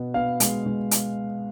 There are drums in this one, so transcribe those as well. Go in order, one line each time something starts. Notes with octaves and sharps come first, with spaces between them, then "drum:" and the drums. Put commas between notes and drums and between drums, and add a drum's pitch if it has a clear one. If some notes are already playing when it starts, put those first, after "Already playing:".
Already playing: B2 B3
B3 F5
G#3, drum: hi-hat
G#3
drum: hi-hat